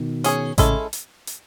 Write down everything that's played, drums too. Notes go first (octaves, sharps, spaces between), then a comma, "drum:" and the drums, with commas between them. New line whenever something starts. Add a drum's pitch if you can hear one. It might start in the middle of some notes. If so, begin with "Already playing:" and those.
Already playing: B2 D#3
C#4 G#4 C#5, drum: hi-hat
A2 C#3 G#3 C#4 E4 A4, drum: kick A1, hi-hat
drum: hi-hat
drum: hi-hat